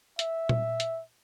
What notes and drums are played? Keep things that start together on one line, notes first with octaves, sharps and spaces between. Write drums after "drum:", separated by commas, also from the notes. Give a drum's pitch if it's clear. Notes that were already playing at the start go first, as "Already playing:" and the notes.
E5, drum: hi-hat
drum: tom A#2
drum: hi-hat